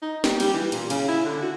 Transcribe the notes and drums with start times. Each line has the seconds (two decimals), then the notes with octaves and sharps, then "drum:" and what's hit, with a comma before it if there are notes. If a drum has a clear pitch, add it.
0.02 D#4
0.24 G3, drum: snare
0.40 G3, drum: cymbal
0.54 E3
0.72 A#2, drum: cymbal
0.90 C#3, drum: cymbal
1.08 E4
1.25 D3
1.42 F#4